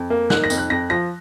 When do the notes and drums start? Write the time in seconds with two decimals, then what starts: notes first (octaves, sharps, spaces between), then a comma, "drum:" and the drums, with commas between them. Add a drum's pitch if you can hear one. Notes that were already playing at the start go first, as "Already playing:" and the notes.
Already playing: F2
0.10 A#3
0.30 D#4 F#6, drum: snare
0.44 A#6
0.50 F2, drum: tambourine
0.58 F#6
0.70 F2 A#6
0.90 F3 A#6